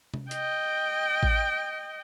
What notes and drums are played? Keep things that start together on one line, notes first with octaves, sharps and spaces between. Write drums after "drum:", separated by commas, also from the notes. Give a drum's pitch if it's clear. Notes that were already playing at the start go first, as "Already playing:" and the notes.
drum: tom C3
D#5 G5, drum: hi-hat
drum: kick A1